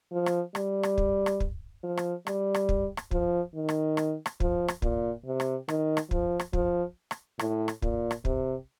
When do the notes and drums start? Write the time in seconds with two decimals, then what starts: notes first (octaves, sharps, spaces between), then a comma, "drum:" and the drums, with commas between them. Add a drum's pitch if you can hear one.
0.12 F3
0.26 drum: rim click
0.55 G3, drum: rim click
0.83 drum: rim click
0.98 drum: kick
1.26 drum: rim click
1.40 drum: kick
1.83 F3
1.97 drum: rim click
2.27 G3, drum: rim click
2.54 drum: rim click
2.69 drum: kick
2.97 drum: rim click
3.11 F3, drum: kick
3.54 D#3
3.69 drum: rim click
3.97 drum: rim click
4.26 drum: rim click
4.40 F3, drum: kick
4.68 drum: rim click
4.82 A#2, drum: kick
5.25 C3
5.40 drum: rim click
5.68 D#3, drum: rim click
5.97 drum: rim click
6.11 F3, drum: kick
6.40 drum: rim click
6.53 F3, drum: kick
7.11 drum: rim click
7.39 A2, drum: rim click
7.68 drum: rim click
7.82 A#2, drum: kick
8.11 drum: rim click
8.25 C3, drum: kick